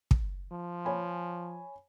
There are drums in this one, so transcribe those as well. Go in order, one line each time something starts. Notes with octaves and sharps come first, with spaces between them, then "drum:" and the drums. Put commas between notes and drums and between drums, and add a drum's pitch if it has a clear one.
drum: kick
F3
C#5 G#5 B5